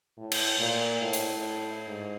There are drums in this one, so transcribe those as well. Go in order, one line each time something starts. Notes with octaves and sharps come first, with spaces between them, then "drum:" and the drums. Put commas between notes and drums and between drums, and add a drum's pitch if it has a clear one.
A2
drum: cymbal
A#2
A2
drum: hi-hat
G#2